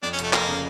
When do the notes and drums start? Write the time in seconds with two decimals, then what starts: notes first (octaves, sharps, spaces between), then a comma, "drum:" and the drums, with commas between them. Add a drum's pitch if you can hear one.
0.03 F2 D4
0.13 C#4
0.19 F1 A3, drum: hi-hat
0.33 F1 A#3, drum: clap
0.49 C#3